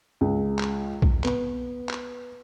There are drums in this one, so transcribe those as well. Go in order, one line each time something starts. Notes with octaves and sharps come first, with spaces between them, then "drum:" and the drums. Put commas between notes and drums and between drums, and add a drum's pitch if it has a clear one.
C#2
drum: clap
drum: kick A#1
B3, drum: clap
drum: clap